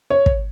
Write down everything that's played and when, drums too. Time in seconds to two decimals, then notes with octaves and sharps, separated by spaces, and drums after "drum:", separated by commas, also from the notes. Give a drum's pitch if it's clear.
0.10 C#5
0.26 drum: kick